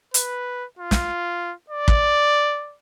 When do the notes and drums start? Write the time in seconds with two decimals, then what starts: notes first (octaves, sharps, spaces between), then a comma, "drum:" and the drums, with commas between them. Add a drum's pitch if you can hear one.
0.14 B4, drum: hi-hat
0.79 F4
0.91 drum: snare
1.70 D5
1.88 drum: kick